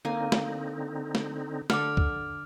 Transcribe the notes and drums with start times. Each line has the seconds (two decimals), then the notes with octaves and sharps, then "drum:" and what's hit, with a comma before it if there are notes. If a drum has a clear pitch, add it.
0.05 D3 A#3 C4 D#4 G#5
0.32 drum: snare
1.15 drum: snare
1.70 D3 A4 D6 F6, drum: snare
1.97 drum: kick